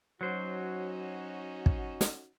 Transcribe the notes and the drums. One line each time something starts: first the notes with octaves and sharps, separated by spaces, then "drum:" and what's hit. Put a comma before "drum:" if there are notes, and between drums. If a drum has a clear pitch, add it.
F#3 C#4 D#4 F#4 C5
drum: kick
drum: snare